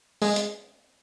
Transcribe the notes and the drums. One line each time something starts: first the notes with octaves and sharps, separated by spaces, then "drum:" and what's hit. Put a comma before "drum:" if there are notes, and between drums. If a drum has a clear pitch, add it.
G#3, drum: open hi-hat
drum: hi-hat